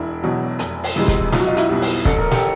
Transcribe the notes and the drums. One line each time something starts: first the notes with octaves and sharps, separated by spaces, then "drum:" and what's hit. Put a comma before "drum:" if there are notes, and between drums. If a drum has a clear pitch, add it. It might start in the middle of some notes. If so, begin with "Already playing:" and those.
Already playing: E1 D4 E4
E2 B2 F#3
F1, drum: hi-hat
drum: open hi-hat
F2 C3 E3 G#3
drum: kick, hi-hat
B1 F4, drum: snare
F#4
D#4 F4
E4 F#4, drum: hi-hat
B2 G3
drum: open hi-hat
A1 A4, drum: kick
A#4
G4 A4, drum: snare